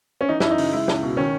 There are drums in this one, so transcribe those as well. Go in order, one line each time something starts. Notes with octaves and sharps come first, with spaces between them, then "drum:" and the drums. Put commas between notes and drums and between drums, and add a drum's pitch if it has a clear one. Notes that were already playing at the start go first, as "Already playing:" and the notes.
C#4
E3 D#4
F#2 E4, drum: snare
D#4
C#3, drum: open hi-hat
G#3 E4
C#2, drum: snare
B2
D#3 C#4